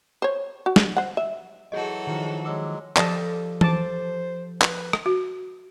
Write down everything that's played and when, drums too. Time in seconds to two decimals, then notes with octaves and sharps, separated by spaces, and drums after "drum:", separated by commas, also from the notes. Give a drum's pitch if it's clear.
0.22 C5 C#5
0.66 F#4
0.76 drum: snare
0.97 C5 F#5
1.17 E5
1.72 E3 F#3 F#4 G#4 A4 D#5
2.07 D#3 F3
2.45 F#3 G#3 D6 E6
2.97 F3 G4 A4 D5 D#5 A5, drum: clap
3.61 C5 A5 D6, drum: tom E3
4.62 B4, drum: clap
4.93 drum: rim click
5.06 F#4